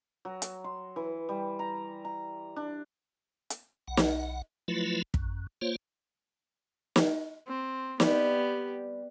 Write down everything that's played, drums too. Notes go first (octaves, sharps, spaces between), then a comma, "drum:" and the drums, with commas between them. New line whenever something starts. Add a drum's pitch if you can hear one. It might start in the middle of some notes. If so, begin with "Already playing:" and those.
F#3
drum: hi-hat
C6
E3
G3
A#5
A#5
D4
drum: hi-hat
B1 F#5
drum: snare
F3 F#3 A3 E4 F4 B4
F#2, drum: kick
A#3 F4 C5 C#5
drum: snare
C4
G3 B3 G4, drum: snare